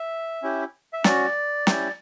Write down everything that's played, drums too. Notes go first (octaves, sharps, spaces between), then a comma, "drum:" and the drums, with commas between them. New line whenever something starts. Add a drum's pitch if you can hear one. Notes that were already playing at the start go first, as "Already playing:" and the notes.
Already playing: E5
C#4 E4 G4
E5
C#4 F#4 D5, drum: snare
C#4 E4 G4, drum: snare